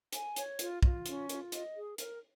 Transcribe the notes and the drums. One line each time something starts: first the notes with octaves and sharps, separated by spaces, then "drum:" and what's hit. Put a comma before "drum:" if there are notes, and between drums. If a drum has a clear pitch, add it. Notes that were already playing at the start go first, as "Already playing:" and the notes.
G#5, drum: hi-hat
C#5, drum: hi-hat
F4, drum: hi-hat
F4, drum: kick
C#4, drum: hi-hat
F4, drum: hi-hat
D#5, drum: hi-hat
G#4
A#4, drum: hi-hat